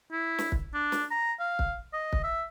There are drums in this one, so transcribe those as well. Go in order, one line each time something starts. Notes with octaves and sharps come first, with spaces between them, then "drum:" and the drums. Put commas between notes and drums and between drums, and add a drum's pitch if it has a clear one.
E4
drum: snare
drum: kick
D4
drum: snare
A#5
F5
drum: kick
D#5
drum: kick
E5